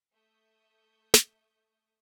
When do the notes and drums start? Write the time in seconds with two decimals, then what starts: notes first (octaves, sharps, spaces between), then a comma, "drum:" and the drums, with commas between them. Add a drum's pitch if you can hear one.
0.13 A3 E5 C#6 D#6 G6
1.14 drum: snare